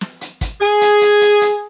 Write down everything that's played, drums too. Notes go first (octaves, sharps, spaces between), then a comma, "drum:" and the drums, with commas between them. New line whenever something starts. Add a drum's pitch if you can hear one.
drum: snare
drum: hi-hat
drum: kick, hi-hat
G#4
drum: hi-hat
drum: hi-hat
drum: hi-hat
drum: hi-hat